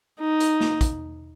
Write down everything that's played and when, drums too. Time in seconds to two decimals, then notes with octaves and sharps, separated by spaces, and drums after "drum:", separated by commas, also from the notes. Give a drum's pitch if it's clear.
0.21 D#4
0.40 drum: hi-hat
0.61 drum: snare
0.81 drum: kick, hi-hat